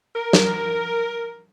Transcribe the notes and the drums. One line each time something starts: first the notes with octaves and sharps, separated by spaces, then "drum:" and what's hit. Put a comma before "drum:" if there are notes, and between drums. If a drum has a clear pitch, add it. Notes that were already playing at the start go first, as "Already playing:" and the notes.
A#4
drum: snare